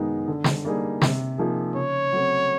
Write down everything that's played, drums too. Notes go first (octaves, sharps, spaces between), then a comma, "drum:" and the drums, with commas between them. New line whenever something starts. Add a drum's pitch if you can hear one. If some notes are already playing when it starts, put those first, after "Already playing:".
Already playing: F#2 D#3 G#3 B3 D#4
D3
drum: snare
G3 A#3 D#4 G#4
C3, drum: snare
F3 A#3 D#4 G#4
C#3 C#5
F#3 A3 C4